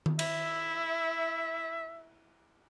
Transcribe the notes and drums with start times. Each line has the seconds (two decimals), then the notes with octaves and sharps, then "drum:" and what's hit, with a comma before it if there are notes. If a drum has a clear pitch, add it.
0.06 drum: tom D#3
0.19 E4 E5, drum: cymbal